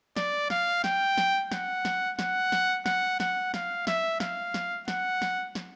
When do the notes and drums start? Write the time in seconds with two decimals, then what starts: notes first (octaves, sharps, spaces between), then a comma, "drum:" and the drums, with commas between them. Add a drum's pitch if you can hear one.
0.16 D5, drum: snare
0.50 F5, drum: snare
0.84 G5, drum: snare
1.18 drum: snare
1.51 F#5, drum: snare
1.85 drum: snare
2.19 F#5, drum: snare
2.52 drum: snare
2.86 F#5, drum: snare
3.20 F#5, drum: snare
3.54 F5, drum: snare
3.87 E5, drum: snare
4.20 F5, drum: snare
4.54 drum: snare
4.88 F#5, drum: snare
5.22 drum: snare
5.55 drum: snare